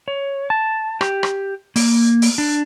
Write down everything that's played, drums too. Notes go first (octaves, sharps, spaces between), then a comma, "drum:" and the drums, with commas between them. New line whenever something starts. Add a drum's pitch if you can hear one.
C#5
A5
G4, drum: rim click
drum: rim click
A#3, drum: open hi-hat
drum: open hi-hat
D4